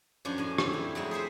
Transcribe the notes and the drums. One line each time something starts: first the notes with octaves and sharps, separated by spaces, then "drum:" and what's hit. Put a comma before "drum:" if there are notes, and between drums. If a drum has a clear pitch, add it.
F#2 F3 C#4 D4
A2 G#5
C4, drum: rim click
E4
F2 F#3 G#3 A3
G#4 A4 C5 E5